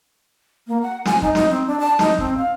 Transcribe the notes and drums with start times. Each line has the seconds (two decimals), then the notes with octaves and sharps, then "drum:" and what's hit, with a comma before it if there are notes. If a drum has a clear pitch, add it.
0.67 A#3
0.82 F#5
1.05 G#5, drum: snare
1.22 D#4, drum: kick
1.35 D#4, drum: snare
1.50 C4
1.67 D4
1.80 A5
1.99 D#4, drum: snare
2.18 C4, drum: kick
2.38 F5